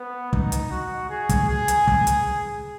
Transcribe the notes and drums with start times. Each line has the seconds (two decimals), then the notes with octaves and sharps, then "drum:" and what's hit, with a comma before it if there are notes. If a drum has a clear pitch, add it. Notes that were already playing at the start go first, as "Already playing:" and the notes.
Already playing: B3
0.33 D#4, drum: kick
0.52 drum: hi-hat
0.71 F#4
1.10 G#4
1.29 drum: kick, hi-hat
1.48 G#4
1.68 drum: hi-hat
1.87 drum: kick
2.07 drum: hi-hat